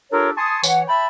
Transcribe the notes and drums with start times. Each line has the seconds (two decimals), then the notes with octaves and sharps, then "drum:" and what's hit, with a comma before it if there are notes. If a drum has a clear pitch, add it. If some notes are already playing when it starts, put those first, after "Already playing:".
0.11 D4 F4 G4 A4 A#4 C#5
0.37 G#5 A5 C6 C#6 D#6
0.64 E3 C#5 F#5, drum: tambourine
0.88 E5 G5 A5 B5